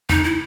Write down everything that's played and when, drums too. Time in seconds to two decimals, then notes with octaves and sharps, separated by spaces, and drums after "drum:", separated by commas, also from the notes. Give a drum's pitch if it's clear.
0.10 D#4, drum: tom E2
0.24 E4